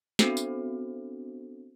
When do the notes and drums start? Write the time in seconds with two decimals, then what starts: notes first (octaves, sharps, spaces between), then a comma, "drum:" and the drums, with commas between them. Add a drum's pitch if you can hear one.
0.19 B3 C4 D4 F#4 A4 C5, drum: snare
0.37 drum: tambourine